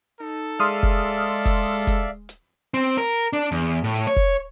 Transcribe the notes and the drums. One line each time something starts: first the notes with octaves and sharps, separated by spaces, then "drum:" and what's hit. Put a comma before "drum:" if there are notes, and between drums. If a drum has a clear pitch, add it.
D#4 A4
G#3 D5 E5 F5 C6 D#6 F6
drum: kick
drum: kick, hi-hat
drum: kick, hi-hat
drum: hi-hat
C4
A#4
D4
E2, drum: hi-hat
A2
drum: hi-hat
C#5
drum: kick